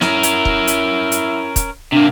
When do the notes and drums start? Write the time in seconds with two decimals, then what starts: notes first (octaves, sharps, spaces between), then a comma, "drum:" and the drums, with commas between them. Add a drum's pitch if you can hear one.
0.01 C#4 E4 A#4, drum: snare
0.23 drum: hi-hat
0.45 drum: kick
0.67 drum: hi-hat
1.12 drum: hi-hat
1.56 drum: kick, hi-hat
1.92 C3 A#3 D4